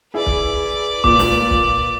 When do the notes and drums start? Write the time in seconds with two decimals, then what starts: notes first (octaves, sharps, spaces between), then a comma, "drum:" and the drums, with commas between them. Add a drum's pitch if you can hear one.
0.14 E4 G#4 B4 D5
0.26 drum: kick
1.04 A#2 D6, drum: kick
1.19 drum: snare
1.50 drum: kick